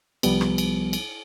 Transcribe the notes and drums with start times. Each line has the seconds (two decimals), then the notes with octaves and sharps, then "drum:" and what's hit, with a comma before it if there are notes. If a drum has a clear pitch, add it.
0.23 C2 F3 G3 B3, drum: cymbal
0.41 drum: rim click
0.58 drum: cymbal
0.93 drum: cymbal